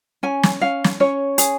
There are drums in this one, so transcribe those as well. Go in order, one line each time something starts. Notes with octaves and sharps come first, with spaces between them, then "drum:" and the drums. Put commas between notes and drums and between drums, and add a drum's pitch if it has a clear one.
C#4 G#5
drum: snare
C#4 F5
drum: snare
C#4 C#5
G#4, drum: hi-hat